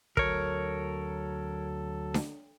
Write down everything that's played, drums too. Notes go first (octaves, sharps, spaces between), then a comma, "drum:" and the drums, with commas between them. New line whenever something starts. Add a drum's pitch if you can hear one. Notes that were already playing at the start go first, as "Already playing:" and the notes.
D2 F#3 A4 A#4 C#5, drum: kick
drum: snare D4